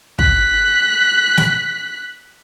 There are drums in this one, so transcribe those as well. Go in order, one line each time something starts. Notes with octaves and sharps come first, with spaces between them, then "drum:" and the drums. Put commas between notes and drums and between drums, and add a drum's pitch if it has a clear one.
F#6 B6, drum: kick
drum: snare